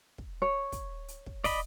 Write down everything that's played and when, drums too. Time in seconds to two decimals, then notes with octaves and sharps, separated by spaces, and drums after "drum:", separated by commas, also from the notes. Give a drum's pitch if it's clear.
0.18 drum: kick
0.42 C#5
0.72 drum: kick, hi-hat
1.08 drum: hi-hat
1.26 drum: kick
1.44 D5 D#5 B5, drum: kick, open hi-hat